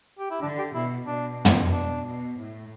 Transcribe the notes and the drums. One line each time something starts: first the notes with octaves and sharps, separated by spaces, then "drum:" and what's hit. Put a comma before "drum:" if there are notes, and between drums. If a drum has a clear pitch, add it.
G4
E4
D3 D4
G4
B2 E4
B2 D4
drum: tom
D4
B2
A2